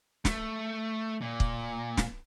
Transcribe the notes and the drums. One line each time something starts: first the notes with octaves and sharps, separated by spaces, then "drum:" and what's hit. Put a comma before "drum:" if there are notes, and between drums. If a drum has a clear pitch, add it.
A3, drum: snare
A#2
drum: kick
drum: snare